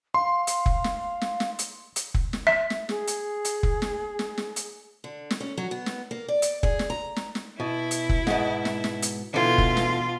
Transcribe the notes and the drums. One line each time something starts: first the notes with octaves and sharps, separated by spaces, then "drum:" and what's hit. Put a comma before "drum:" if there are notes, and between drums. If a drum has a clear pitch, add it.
F5 C6
drum: hi-hat
drum: kick F1
drum: snare
drum: snare
drum: snare
drum: hi-hat
drum: hi-hat
drum: kick F1
drum: snare
E5
drum: snare
G#4, drum: snare
drum: hi-hat
drum: hi-hat
drum: kick F1
drum: snare
drum: snare
drum: snare
drum: hi-hat
D3
drum: snare
C#4
F#3
B3
drum: snare
A#3
D5
drum: hi-hat
G#4, drum: kick F1
drum: snare
A#5
drum: snare
drum: snare
B2 E4
drum: hi-hat
drum: kick F1
G#2 B2, drum: snare
drum: snare
drum: snare
drum: hi-hat
B2 D3 E3 F4
drum: kick F1
drum: snare